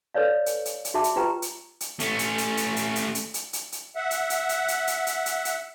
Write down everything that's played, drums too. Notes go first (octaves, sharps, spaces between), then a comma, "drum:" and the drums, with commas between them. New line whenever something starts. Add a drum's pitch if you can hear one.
A4 B4 C#5 D5 F5
drum: hi-hat
drum: hi-hat
drum: hi-hat
F#4 G#4 E5 A5 D6
drum: hi-hat
F4 G4 B4 G5 A#5
drum: hi-hat
drum: hi-hat
A3 C#4, drum: hi-hat
drum: hi-hat
drum: hi-hat
drum: hi-hat
drum: hi-hat
drum: hi-hat
drum: hi-hat
drum: hi-hat
drum: hi-hat
drum: hi-hat
E5 F#5
drum: hi-hat
drum: hi-hat
drum: hi-hat
drum: hi-hat
drum: hi-hat
drum: hi-hat
drum: hi-hat
drum: hi-hat